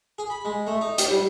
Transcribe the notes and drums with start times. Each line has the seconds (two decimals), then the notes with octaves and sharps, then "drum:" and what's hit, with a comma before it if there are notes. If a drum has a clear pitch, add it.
0.18 G#4
0.30 B5
0.45 G#3
0.67 A3
0.81 D#4
0.98 G4, drum: hi-hat
1.10 G3